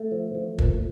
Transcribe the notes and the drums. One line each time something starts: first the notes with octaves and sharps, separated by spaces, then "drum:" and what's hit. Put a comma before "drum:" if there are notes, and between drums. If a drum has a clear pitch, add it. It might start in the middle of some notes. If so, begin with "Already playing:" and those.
Already playing: A3
F3
F3
A#2, drum: kick